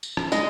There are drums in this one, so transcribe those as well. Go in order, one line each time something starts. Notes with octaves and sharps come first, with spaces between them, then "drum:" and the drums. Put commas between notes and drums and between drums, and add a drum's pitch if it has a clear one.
drum: tambourine
drum: rim click
G#3 D#4 D#5, drum: tambourine